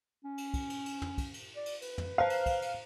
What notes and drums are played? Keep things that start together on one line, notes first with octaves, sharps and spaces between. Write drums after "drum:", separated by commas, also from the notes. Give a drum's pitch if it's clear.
C#4
drum: cymbal
drum: kick, cymbal
drum: cymbal
drum: cymbal
drum: tom
drum: kick, cymbal
drum: cymbal
D5
drum: cymbal
B4, drum: cymbal
drum: tom
C5 F5 A#5 F#6
drum: cymbal
drum: kick, cymbal
drum: cymbal